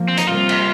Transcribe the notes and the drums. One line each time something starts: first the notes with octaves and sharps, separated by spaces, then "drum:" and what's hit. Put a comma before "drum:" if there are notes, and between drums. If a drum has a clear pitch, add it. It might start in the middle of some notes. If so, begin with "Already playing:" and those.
Already playing: F3 A#3
C4
D#4, drum: hi-hat
C3 G3 A#3 F4
drum: cymbal